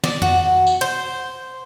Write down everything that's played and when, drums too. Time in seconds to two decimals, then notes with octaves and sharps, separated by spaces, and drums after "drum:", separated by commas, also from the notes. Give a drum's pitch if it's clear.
0.04 D5, drum: snare
0.22 F#4, drum: tom F2
0.67 drum: tambourine
0.81 C5